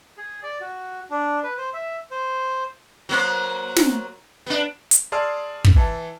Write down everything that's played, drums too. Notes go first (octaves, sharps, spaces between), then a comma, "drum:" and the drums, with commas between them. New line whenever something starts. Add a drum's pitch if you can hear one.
G#4
D5
F#4
D4
B4
C5
E5
C5
F#3 A#3 C5
drum: snare
B3 D4
drum: hi-hat
G#4 D5 A5 C6 E6 F6
drum: kick
E3 A5